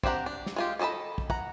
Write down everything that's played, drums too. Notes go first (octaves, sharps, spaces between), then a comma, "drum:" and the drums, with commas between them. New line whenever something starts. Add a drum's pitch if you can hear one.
C4 D4 G4 F#5 A#5, drum: kick
D4
drum: snare
G#3 F4 G4
D#3 A4 D#5 A5 B5
drum: kick
F#5 A#5, drum: kick